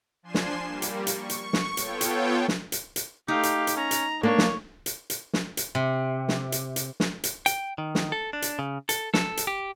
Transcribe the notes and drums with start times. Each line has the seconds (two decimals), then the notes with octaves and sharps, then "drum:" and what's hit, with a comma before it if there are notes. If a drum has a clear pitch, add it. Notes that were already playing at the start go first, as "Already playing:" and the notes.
0.23 F3 D4 G#5 C6 C7 E7
0.34 drum: snare
0.63 G3 A#3
0.82 drum: hi-hat
1.07 C#6, drum: hi-hat
1.30 drum: hi-hat
1.53 drum: snare
1.77 B3 F4 A4 C#5 G5, drum: hi-hat
2.01 drum: hi-hat
2.48 drum: snare
2.72 drum: hi-hat
2.96 drum: hi-hat
3.28 A3 D#4 G4 F5
3.43 drum: hi-hat
3.67 drum: hi-hat
3.76 C#4 A#5
3.91 drum: hi-hat
4.23 A#3 D4 C#5
4.38 drum: snare
4.86 drum: hi-hat
5.10 drum: hi-hat
5.33 drum: snare
5.57 drum: hi-hat
5.75 C3
6.28 drum: snare
6.52 drum: hi-hat
6.76 drum: hi-hat
7.00 drum: snare
7.24 drum: hi-hat
7.46 G5, drum: hi-hat
7.78 D#3
7.95 drum: snare
8.12 A4
8.33 D4
8.42 drum: hi-hat
8.59 C#3
8.89 A4, drum: hi-hat
9.14 A4, drum: snare
9.37 drum: hi-hat
9.47 G4